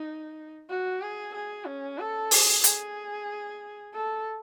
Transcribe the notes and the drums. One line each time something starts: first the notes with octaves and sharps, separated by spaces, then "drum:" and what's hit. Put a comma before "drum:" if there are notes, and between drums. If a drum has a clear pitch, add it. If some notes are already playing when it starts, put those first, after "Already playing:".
Already playing: D#4
F#4
G#4
G#4
C#4
A4
G#4, drum: open hi-hat
G#4, drum: hi-hat
A4